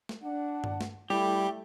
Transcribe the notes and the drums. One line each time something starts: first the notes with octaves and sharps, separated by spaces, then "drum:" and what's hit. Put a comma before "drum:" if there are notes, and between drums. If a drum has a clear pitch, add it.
drum: snare
D4 F#5
drum: tom G2
drum: snare
G3 A3 E4 G4